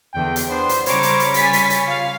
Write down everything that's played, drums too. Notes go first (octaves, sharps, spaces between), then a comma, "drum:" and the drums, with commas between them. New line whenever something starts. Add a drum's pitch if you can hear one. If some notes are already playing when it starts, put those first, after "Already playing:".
E2 D3 G5
drum: hi-hat
B3 D4 C5 C6
drum: hi-hat
C#3 G3 C5 C#5 A#5 B5 D6, drum: hi-hat
drum: hi-hat
drum: hi-hat
C#5 G#5 A6 B6, drum: hi-hat
drum: hi-hat
drum: hi-hat
F4 F5